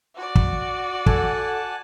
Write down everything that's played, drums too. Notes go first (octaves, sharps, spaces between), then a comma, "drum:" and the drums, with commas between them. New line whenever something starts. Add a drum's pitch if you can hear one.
F#4 D5
drum: kick
A4 F#5 G#5 A5, drum: kick